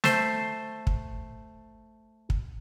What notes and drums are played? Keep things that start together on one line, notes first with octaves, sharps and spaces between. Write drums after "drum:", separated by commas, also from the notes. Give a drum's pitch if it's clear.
A3 C5, drum: snare
drum: kick
drum: kick